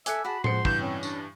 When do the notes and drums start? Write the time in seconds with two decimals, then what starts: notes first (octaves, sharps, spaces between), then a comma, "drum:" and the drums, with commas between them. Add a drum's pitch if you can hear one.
0.06 A4 E5 G#5 D6 E6 F#6 C#7, drum: hi-hat
0.24 F#4 G#4 F#5 A5 B5
0.44 F3 G#3 C5 C6 C#7, drum: tom A2
0.65 G2 E3 G6 E7, drum: kick
0.78 C4 C#4
1.03 D4, drum: tambourine